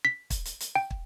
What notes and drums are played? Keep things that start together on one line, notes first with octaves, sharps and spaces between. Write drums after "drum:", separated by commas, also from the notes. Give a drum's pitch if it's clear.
B6
drum: kick, hi-hat
drum: hi-hat
drum: hi-hat
G5
drum: kick